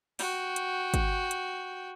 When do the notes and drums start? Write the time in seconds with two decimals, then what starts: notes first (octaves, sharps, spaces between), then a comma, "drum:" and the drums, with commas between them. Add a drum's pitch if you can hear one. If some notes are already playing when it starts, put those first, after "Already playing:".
0.19 F#4 G5, drum: open hi-hat
0.56 drum: hi-hat
0.94 drum: kick, hi-hat
1.31 drum: hi-hat